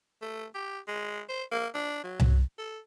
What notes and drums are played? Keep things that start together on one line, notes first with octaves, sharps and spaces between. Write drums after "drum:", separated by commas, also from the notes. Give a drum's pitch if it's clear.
A3
G4
G#3
C5
A#3
D4
F#3
drum: tom C2
A4